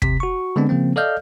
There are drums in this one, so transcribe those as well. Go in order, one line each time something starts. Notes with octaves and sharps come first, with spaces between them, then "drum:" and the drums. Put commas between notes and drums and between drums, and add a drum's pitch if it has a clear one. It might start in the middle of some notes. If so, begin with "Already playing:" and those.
C3 B6, drum: kick
F#4 C#6
D3 G#3 B3 C4 D4
C#3 F3 A#3 C4
A4 D5 D#5 F5 F6 G6